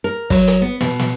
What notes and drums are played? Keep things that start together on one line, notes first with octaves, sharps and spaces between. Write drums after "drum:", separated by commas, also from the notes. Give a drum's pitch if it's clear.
A#4
F#3, drum: kick, open hi-hat
drum: hi-hat
B3
B2, drum: snare
drum: snare